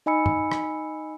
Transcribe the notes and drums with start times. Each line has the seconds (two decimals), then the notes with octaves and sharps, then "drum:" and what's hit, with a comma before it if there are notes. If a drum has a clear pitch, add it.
0.06 D#4 D#5 G#5 B5 E6 C#7
0.26 drum: tom
0.52 drum: rim click